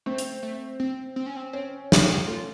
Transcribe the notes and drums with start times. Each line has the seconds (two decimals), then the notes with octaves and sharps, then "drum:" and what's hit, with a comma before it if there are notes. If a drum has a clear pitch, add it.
0.06 A3 C4
0.18 drum: hi-hat
0.43 A3
0.80 C4
1.16 C4
1.26 C#4
1.37 C4
1.53 C4 C#4
1.92 drum: snare
2.02 D#4
2.27 A3 F4